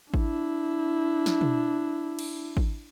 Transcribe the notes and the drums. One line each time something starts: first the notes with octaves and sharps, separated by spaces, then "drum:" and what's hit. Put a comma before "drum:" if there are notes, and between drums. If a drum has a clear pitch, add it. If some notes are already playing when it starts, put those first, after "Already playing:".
D4 E4, drum: kick G#1
drum: snare
drum: tom B2
drum: cymbal
drum: kick G#1